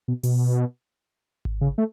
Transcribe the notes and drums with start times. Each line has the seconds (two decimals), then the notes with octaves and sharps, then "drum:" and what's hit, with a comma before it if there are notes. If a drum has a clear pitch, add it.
0.08 B2
0.23 B2, drum: open hi-hat
1.45 drum: kick G#1
1.61 C#3
1.78 A3